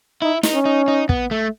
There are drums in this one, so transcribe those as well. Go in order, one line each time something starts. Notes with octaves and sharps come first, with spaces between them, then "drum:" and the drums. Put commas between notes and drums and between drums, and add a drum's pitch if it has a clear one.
D#4 E4
D#4, drum: snare
C#4
D#4
D#4
B3, drum: kick
A3